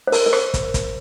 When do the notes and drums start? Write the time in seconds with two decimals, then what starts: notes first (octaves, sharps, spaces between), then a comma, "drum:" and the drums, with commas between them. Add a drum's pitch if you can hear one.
0.07 C5
0.12 A#4, drum: open hi-hat
0.26 A#4
0.33 C5, drum: rim click
0.54 drum: kick, hi-hat
0.74 drum: kick, hi-hat